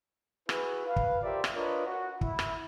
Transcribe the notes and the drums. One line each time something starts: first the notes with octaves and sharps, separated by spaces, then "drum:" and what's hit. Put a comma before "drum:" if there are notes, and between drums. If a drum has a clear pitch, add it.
E4 F#4 G#4 B4, drum: rim click
B4 F5
drum: kick
F4 G4 A#4 C5 D5 E5
drum: rim click
D4 F4 A#4 B4 C#5 D#5
F#4
E4, drum: kick
drum: rim click